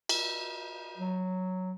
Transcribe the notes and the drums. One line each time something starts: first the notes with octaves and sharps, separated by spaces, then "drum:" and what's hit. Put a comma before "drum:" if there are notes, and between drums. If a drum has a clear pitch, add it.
drum: cymbal
F#3